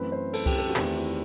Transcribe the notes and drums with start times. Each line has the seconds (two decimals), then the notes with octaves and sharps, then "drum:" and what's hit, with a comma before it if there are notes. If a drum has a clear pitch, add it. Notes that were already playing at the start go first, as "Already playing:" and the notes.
Already playing: F#2 E3 A3 C4 B4
0.12 C5
0.33 A4, drum: cymbal
0.46 G4, drum: kick C2, cymbal
0.58 A4
0.69 F#4
0.76 E2 D#3 A3 C4 G4, drum: clap
0.98 E4